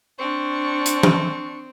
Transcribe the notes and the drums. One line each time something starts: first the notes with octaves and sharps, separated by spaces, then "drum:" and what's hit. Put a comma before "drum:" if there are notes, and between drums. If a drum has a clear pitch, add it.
C4 D4 C#6
drum: hi-hat
drum: tom E3